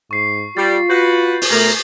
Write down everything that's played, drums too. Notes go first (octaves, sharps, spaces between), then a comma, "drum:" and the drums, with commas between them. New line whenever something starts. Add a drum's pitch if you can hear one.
G#2 C#6 C7
G3 F4 A6
F#4 B4 G6
drum: open hi-hat
B2 A3 A#4 A#5